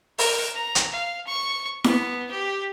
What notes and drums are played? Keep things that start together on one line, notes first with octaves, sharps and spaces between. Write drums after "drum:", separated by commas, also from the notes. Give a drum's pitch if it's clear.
A#4, drum: open hi-hat
A#5
drum: hi-hat
F5
C#6
B3, drum: snare E4
G4